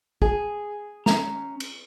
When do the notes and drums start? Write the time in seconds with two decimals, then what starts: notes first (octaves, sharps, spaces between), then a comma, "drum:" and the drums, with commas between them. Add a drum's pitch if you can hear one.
0.22 G#4, drum: kick
1.06 C#4 A#5, drum: snare
1.60 drum: cymbal